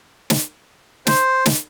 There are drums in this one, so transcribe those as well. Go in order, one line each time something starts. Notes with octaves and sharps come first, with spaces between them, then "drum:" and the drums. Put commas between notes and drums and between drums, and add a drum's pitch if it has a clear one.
drum: snare
C5, drum: snare
drum: snare